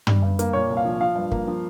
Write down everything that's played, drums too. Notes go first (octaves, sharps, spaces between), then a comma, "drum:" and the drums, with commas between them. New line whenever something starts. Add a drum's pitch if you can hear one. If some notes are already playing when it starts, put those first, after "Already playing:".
G3, drum: tom
G2
A#3, drum: hi-hat
A#2 C#5
C2
F5
F3
F3 F5
G2
A#3, drum: kick
F3